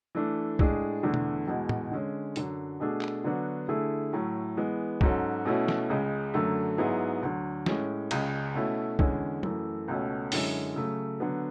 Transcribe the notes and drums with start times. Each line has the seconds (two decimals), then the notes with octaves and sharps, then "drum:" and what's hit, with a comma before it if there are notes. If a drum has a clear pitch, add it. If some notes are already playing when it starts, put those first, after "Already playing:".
0.15 E3 A3 D4
0.59 A2 G#3 D4 G#4, drum: kick
1.03 E2 D3 A3 D4
1.14 drum: tom B2
1.48 E2 B2 G#3
1.69 drum: tom
1.91 D3 G#3 C#4
2.36 F#2 D3 F#3, drum: hi-hat
2.80 B2 A3 D4 G#4
3.01 drum: clap
3.24 D3 F#3 B3 D4 F#4
3.69 D3 A3 E4 G#4
4.13 A2 F#3 A3
4.57 E3 G#3 B3
5.01 G#2 F#3 C#4 F#4 A4, drum: kick
5.45 B2 A3 C#4 E4
5.68 drum: snare
5.89 C#2 C#3 G#3
6.34 F#2 D3 F#3 A3
6.78 G#2 F#3 B3 E4 G#4
7.22 D2 D3 F#3
7.66 A2 G#3 C#4, drum: snare
8.11 C#2 C#3 G#3, drum: cymbal
8.55 B2 A3 C#4 E4
8.99 E2 D3 G#3 C#4, drum: kick
9.43 F#2 E3 A3, drum: tom
9.88 C#2 B2 A3 C#4
10.32 F#2 D3 G#3 C#4 E4, drum: open hi-hat
10.76 C#3 F#3 A3
11.20 D3 F#3 B3